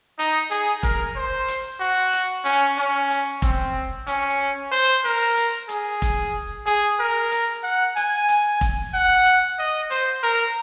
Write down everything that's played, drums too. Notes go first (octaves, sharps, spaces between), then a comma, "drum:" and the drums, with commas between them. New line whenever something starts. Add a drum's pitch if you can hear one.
D#4, drum: hi-hat
G#4, drum: hi-hat
A#4, drum: kick F1, hi-hat
C5
drum: hi-hat
F#4
drum: hi-hat
C#4, drum: hi-hat
C#4, drum: hi-hat
drum: hi-hat
C4, drum: kick F1, hi-hat
C#4, drum: hi-hat
C5, drum: hi-hat
A#4, drum: hi-hat
drum: hi-hat
G#4, drum: hi-hat
drum: kick F1, hi-hat
G#4, drum: hi-hat
A#4
drum: hi-hat
F#5
G#5, drum: hi-hat
drum: hi-hat
drum: kick F1, hi-hat
F#5
drum: hi-hat
D#5
C5, drum: hi-hat
A#4, drum: hi-hat